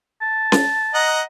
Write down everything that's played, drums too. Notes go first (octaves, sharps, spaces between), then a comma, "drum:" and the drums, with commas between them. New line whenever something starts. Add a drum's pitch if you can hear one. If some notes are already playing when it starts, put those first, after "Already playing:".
A5
drum: snare C#4
D#5 F#5 A#5